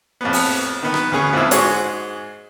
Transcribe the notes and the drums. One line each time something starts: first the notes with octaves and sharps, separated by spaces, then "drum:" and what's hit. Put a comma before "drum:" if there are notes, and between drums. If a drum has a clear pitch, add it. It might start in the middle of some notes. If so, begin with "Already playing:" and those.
F2 A2 B3
drum: open hi-hat
D#3 B3
drum: rim click
D2 B3 C#4 G#4 C#6
F2 G#2 F3 B3 E4 E6
G#2 F#4 G#4 C#6, drum: hi-hat